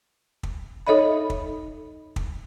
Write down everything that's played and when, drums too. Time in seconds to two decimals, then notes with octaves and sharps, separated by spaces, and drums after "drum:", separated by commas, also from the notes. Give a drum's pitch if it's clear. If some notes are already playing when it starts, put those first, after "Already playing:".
0.43 drum: kick
0.87 D#4 A4 C#5 D#5 E5 B5
1.30 drum: kick
2.16 drum: kick